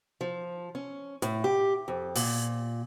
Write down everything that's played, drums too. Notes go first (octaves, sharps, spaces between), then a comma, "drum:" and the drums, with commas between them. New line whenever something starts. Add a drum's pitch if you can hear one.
F3
C#4
A2, drum: hi-hat
G4
F2
A#2, drum: open hi-hat